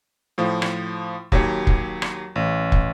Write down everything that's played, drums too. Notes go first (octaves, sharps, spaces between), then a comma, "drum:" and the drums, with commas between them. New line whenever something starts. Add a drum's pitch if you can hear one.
A2 F3
drum: rim click
D#2 F#3 G4 C#5, drum: kick
drum: kick
drum: rim click
A1
drum: kick